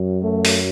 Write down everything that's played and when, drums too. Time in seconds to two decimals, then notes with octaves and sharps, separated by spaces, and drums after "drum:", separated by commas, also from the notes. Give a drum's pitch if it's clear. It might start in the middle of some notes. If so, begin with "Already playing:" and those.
Already playing: F#2 F#3
0.22 A3
0.45 drum: open hi-hat